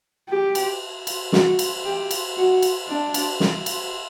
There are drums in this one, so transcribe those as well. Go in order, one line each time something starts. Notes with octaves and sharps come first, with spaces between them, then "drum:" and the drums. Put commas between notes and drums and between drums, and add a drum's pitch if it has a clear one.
G4
drum: cymbal
drum: cymbal
F#4, drum: snare
drum: cymbal
G4
drum: cymbal
F#4
drum: cymbal
D4
drum: cymbal
drum: snare
drum: cymbal